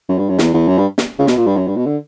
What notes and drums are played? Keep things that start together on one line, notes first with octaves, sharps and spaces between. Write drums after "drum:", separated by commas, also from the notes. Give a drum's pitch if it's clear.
F#2
G2
F#2
E2, drum: snare
E2
F#2
G2
drum: snare
C#3
B2, drum: snare
A#2
G2
F#2
G2
B2
D3